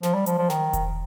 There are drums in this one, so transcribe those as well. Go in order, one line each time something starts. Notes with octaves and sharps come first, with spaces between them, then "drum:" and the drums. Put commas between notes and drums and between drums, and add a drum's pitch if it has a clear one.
F3, drum: snare
G3
F3, drum: hi-hat
F3
D#3, drum: snare
drum: kick E1, hi-hat